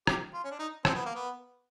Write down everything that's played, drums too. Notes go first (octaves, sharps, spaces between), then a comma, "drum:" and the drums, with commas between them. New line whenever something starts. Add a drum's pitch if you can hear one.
G4, drum: rim click
F4
C#4
D4
D#4
C4, drum: rim click
B3
A#3
B3